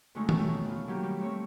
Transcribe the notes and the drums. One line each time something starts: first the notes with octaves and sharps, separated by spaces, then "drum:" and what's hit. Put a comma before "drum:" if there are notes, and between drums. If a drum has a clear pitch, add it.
F2 D3 G#3 A3 C#4 D#4
B2 D#3 A3, drum: tom D#3
B3 F4
D#3 F#3 A#3 G4
D#3 G3
A3 C4 C#5